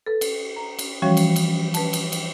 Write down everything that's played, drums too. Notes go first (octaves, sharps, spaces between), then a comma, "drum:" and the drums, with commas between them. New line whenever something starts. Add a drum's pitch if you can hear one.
A4 B4
drum: cymbal
A#5
drum: cymbal
E3 F3 G3 C#4 F#4 C#5
drum: cymbal
drum: cymbal
B4 A5, drum: cymbal
drum: cymbal
drum: cymbal